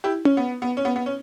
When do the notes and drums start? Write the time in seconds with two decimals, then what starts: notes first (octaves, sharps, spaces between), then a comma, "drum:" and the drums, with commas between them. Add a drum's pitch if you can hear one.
0.04 E4 G4
0.25 C#4, drum: tom C#4
0.37 B3
0.62 B3
0.77 C#4
0.85 B3
0.96 B3
1.06 C#4